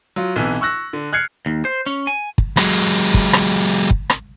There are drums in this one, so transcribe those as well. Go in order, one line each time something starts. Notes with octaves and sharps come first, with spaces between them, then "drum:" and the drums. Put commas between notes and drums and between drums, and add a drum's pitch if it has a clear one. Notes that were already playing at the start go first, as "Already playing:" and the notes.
F#3 F4
B1 C3 E3
C#6 E6 F#6 A#6
D3
F6 F#6 G#6 C7 C#7
D#2
C5
C#4
G#5
drum: kick
F#3 G#3, drum: rim click
drum: kick
drum: rim click
drum: kick
drum: rim click